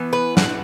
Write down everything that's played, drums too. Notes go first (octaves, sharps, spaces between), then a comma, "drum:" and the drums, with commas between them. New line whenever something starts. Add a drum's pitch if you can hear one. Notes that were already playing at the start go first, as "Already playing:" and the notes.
Already playing: E3 B3
B4
F#5, drum: snare